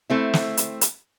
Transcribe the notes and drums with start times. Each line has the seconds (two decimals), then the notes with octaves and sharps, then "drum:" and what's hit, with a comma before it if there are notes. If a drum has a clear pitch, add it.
0.10 A3 C4 E4
0.33 drum: snare
0.57 drum: hi-hat
0.81 drum: hi-hat